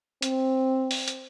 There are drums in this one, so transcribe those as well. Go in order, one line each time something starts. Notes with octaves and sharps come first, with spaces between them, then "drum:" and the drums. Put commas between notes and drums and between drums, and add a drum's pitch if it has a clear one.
C4, drum: hi-hat
drum: open hi-hat
drum: hi-hat